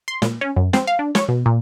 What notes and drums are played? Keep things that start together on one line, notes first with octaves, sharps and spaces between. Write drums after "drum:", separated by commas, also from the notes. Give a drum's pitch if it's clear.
C6
A#2, drum: snare
C#4
F#2
C4, drum: snare
F5
D4
C#5, drum: snare
B2
A#2